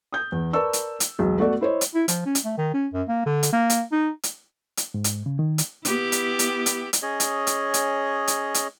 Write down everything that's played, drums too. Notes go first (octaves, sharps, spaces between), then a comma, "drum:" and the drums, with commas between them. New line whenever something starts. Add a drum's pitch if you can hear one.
D#6 G6
E2
A#4 B4 D5 A5 C#6 E6
drum: hi-hat
drum: hi-hat
E1 B1 G#4
A3 B3 F#4 A4 D5
E4 C5 C#5 D#5
drum: hi-hat
E4
F3, drum: hi-hat
C#4
drum: hi-hat
A3
D#3
C#4
F#2
A#3
D3
drum: hi-hat
A#3
drum: hi-hat
D#4
drum: hi-hat
drum: hi-hat
G#2
drum: hi-hat
C#3
D#3
drum: hi-hat
B3 E4 G4, drum: hi-hat
drum: hi-hat
drum: hi-hat
drum: hi-hat
drum: hi-hat
C#4 G#4 C#5 D#5
drum: hi-hat
drum: hi-hat
drum: hi-hat
drum: hi-hat
drum: hi-hat